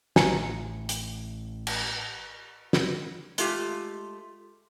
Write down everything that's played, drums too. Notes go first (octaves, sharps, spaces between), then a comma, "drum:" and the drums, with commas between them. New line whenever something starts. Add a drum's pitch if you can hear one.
A1 G#5 A#5 C#7, drum: snare
drum: hi-hat
drum: cymbal
drum: snare
G#3 A3 F4 G4, drum: hi-hat